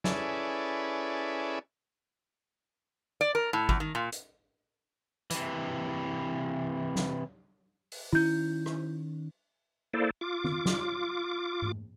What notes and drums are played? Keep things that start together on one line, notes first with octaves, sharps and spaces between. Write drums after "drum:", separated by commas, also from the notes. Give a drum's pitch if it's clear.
C#4 E4 G#4 A4 B4 D5, drum: snare
D5
A#4
A2
E2, drum: kick
D#3
A#2
drum: hi-hat
C3 E3, drum: hi-hat
drum: snare
drum: open hi-hat
D#3 C#4 E4 G6
drum: rim click
A#3 E4 A4 C5 D5
F4 D6
drum: tom
drum: snare
drum: tom G#2